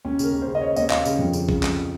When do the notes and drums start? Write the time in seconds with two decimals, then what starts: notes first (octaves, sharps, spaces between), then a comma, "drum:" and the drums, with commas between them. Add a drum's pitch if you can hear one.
0.05 D#2 C#4
0.19 C#3 A#4, drum: tambourine
0.33 D#2
0.42 C#3 C5
0.55 D#5
0.61 C#3 C#5
0.76 D#2 D#5, drum: tambourine
0.90 D#2 F5, drum: clap
1.05 C#3, drum: tambourine
1.19 F2
1.33 C#3, drum: tambourine
1.49 C#3, drum: kick
1.63 F2, drum: clap